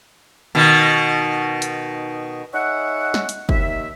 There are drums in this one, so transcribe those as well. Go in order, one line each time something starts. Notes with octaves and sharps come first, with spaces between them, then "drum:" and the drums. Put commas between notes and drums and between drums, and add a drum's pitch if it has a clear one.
B2 D#3
drum: hi-hat
D#4 G#4 C#5 E5 F#5
drum: snare
drum: hi-hat
D#2 E5, drum: kick